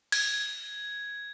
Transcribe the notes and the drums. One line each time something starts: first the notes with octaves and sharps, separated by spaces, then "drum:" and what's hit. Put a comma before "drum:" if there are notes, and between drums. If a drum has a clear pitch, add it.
G#6, drum: cymbal